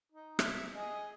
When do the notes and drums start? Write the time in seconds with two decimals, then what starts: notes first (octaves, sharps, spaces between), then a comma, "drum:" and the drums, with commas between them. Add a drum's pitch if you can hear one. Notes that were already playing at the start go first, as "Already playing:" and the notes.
0.12 D#4
0.39 E5, drum: rim click
0.75 G#4 D#5